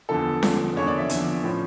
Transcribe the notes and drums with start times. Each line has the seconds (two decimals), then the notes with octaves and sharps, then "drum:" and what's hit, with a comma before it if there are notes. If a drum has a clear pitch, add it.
0.09 E2 D3 F3 A4
0.43 E2 D3 F3, drum: snare C#4
0.76 E2 D3 F3 C#5
0.87 D5
0.98 E5
1.09 E2 D3 F3, drum: hi-hat
1.43 A2 F3 C#4